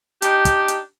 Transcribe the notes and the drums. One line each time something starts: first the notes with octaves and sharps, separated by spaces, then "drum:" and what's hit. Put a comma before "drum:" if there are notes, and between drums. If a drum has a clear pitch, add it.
D4 D#4 G4, drum: hi-hat
drum: kick, hi-hat
drum: hi-hat